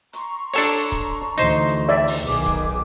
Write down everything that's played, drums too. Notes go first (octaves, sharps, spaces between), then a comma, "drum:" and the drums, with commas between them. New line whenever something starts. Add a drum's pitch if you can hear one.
A#5 C6 C#6, drum: hi-hat
D4 A4 C#5, drum: open hi-hat
drum: kick, hi-hat
D2 E3 D#4 C5
drum: hi-hat
D5 E5
drum: open hi-hat
B1 D#3 G#4 B4 D6
drum: kick, hi-hat